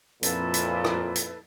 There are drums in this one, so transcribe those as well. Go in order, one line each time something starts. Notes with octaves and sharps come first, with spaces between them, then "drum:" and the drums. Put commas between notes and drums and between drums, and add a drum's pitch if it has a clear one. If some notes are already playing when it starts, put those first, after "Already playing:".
F2 A#2 E4 A4 B4, drum: hi-hat
drum: hi-hat
drum: rim click
drum: hi-hat